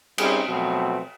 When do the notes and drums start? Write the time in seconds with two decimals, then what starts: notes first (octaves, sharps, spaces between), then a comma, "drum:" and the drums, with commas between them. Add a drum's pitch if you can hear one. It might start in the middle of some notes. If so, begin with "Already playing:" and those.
0.18 G3 C4 C#4 D#4 G#4, drum: cymbal
0.49 B2 F3 F#3 A3 B3 C4